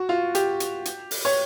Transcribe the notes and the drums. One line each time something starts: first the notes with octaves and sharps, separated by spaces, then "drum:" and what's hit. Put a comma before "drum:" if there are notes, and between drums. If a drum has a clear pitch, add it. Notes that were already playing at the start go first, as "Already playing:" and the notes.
Already playing: F#4
F4
G4, drum: hi-hat
drum: hi-hat
drum: hi-hat
drum: open hi-hat
C#5